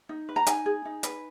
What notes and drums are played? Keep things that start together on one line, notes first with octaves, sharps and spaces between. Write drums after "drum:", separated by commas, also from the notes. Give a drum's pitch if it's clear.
D#4
B4
A#5
D#4 G#5, drum: hi-hat
G#4
D#4
B4, drum: hi-hat